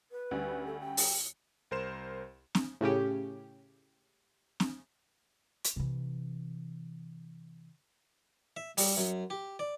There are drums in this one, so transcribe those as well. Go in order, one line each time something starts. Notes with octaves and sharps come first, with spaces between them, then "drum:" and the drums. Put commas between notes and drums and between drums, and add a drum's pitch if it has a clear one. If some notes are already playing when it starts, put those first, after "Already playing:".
B4
D2 G3 C#4
A4
G5
drum: open hi-hat
C2 A#4 C5 C6 E7
drum: snare C4
A2 C#3 C#4 G4
drum: snare C4
drum: hi-hat
C3 E3
E5
G3, drum: open hi-hat
F#2
G4
D5